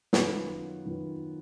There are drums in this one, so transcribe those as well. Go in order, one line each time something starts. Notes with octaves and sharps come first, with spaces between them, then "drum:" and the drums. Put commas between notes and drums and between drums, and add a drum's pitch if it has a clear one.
F#2 D#3 F#3 B3 F4, drum: snare
F#2 D#3 F#3 B3 F4